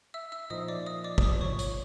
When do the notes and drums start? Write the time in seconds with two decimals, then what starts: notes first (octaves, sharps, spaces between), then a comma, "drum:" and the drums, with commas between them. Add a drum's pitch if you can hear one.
0.14 E5 E6
0.32 E5 E6
0.50 A#2 F3 A#3 D#4 D#5 D#6
0.68 D5 D6
0.86 D#5 D#6
1.04 D5 D6
1.18 D#6, drum: kick
1.23 D5 D6
1.41 C#5 C#6
1.59 C#5 C#6, drum: hi-hat